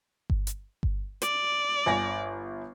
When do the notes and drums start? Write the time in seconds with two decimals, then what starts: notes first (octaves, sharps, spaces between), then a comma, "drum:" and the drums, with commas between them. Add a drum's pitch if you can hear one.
0.30 drum: kick G1
0.47 drum: hi-hat
0.83 drum: kick G1
1.22 D5, drum: hi-hat
1.86 G1 G#5 A#6